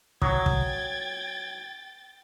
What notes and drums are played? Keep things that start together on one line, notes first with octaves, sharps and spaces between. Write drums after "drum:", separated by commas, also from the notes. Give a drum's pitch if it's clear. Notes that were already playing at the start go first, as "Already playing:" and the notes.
F#3 G5 D#6 G#6 A6, drum: kick
drum: kick